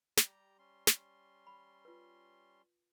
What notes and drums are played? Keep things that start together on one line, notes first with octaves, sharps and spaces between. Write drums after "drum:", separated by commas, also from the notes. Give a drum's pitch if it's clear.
G3 G4 A#5, drum: snare
G3 C#4 C6
drum: snare
B5
F4 B4